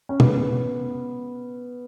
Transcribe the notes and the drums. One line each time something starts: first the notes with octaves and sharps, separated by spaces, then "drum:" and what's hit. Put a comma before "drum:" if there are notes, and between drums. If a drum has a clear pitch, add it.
C#4
B3, drum: tom